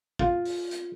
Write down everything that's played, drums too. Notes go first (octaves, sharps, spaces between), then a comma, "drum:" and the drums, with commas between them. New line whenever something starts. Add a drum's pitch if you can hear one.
F4, drum: kick
drum: open hi-hat
drum: hi-hat